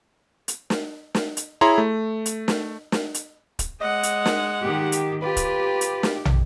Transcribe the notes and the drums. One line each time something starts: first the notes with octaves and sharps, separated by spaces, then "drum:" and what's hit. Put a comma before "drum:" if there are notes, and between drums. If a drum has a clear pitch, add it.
drum: hi-hat
drum: snare
drum: snare
drum: hi-hat
E4 G#4 C#5 A#5 C6
A3
drum: hi-hat
drum: snare
drum: snare
drum: hi-hat
drum: kick, hi-hat
G#3 D#5 F#5
drum: hi-hat
drum: snare
D#3 G4
drum: hi-hat
F4 G4 B4
drum: kick, hi-hat
drum: hi-hat
drum: snare
drum: tom